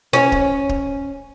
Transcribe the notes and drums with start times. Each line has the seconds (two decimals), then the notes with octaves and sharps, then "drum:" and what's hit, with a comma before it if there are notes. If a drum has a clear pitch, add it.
0.13 C#4, drum: snare
0.32 drum: kick
0.69 drum: kick